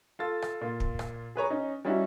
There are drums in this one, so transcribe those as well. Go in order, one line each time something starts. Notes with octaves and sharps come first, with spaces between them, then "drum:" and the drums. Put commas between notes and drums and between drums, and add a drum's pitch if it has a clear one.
F4 A4 A6
drum: rim click
A#2 F4
drum: kick
drum: rim click
G#4 B4 C#5 A#5
C#4 D#4
G3 C#4 D#4 E4 F#4